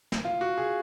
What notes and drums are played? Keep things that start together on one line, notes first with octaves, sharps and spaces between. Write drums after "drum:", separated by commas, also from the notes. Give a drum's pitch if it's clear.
drum: snare
F4
F#4
G#4